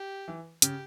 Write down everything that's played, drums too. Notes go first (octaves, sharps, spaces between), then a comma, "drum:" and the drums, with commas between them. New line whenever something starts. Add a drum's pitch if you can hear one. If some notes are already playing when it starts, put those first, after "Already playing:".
Already playing: G4
E3
C#3 G4, drum: hi-hat